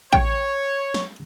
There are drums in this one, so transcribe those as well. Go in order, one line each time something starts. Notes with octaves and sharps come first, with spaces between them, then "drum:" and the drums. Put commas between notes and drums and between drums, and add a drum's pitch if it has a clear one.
C#5 G5, drum: kick A1
drum: snare